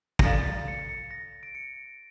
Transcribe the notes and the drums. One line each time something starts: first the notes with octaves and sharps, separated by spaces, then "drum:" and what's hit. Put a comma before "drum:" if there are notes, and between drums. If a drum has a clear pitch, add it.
A#6, drum: kick
A4 D5 F5 A#5 A6
C#7
C#7
A#6
D7
C#7